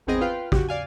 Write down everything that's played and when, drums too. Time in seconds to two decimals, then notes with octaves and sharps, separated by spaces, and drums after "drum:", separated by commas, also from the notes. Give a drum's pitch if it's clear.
0.07 G#1 E2 B3 C4 G#4 D#5
0.21 F4 B4 F5 G5
0.52 F#4 G4, drum: kick
0.69 D5 F5 G#5